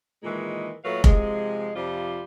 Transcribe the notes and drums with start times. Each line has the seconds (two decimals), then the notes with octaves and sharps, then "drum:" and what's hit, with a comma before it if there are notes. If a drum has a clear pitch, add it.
0.23 A#2 D#3 E3 G#3
0.84 A#2 F#3 A3 B4 F5
1.04 C3 F3 G#3, drum: kick F1
1.74 F2 C3 G3 F4 C5